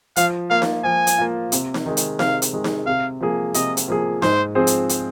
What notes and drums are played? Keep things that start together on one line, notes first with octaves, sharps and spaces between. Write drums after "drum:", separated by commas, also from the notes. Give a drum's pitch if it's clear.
F3 F5, drum: hi-hat
A#3 F4 F5
drum: snare D#4
F3 G#5
drum: hi-hat
A#3 F4
C3, drum: hi-hat
drum: snare D#4
D#3 G#3
drum: hi-hat
C3 F5, drum: snare D#4
drum: hi-hat
D#3 G#3
drum: snare D#4
C3 F5
F3 A#3 G#4
C3 D#5, drum: hi-hat
drum: hi-hat
F3 A#3 G#4
G#2 C5, drum: snare D#4
F3 C4 G#4 C5
drum: hi-hat
drum: hi-hat